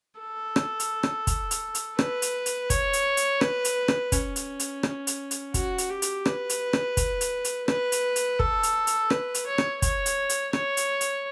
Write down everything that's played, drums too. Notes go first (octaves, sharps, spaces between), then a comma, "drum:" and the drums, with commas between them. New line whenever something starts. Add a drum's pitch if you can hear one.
A4
drum: rim click
drum: hi-hat
drum: rim click
drum: kick, hi-hat
drum: hi-hat
drum: hi-hat
B4, drum: rim click
drum: hi-hat
drum: hi-hat
C#5, drum: kick, hi-hat
drum: hi-hat
drum: hi-hat
B4, drum: rim click
drum: hi-hat
drum: rim click
C#4, drum: kick, hi-hat
drum: hi-hat
drum: hi-hat
drum: rim click
drum: hi-hat
drum: hi-hat
F#4, drum: kick, hi-hat
drum: hi-hat
G4
drum: hi-hat
B4, drum: rim click
drum: hi-hat
drum: rim click
drum: kick, hi-hat
drum: hi-hat
drum: hi-hat
B4, drum: rim click
drum: hi-hat
drum: hi-hat
A4, drum: kick
drum: hi-hat
drum: hi-hat
B4, drum: rim click
drum: hi-hat
C#5
drum: rim click
C#5, drum: kick, hi-hat
drum: hi-hat
drum: hi-hat
C#5, drum: rim click
drum: hi-hat
drum: hi-hat